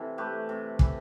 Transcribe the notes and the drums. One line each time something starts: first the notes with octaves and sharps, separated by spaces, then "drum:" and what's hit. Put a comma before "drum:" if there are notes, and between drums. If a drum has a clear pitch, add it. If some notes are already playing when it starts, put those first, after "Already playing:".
Already playing: C3 E3 A4
A3 G4 B4
C3
E3, drum: kick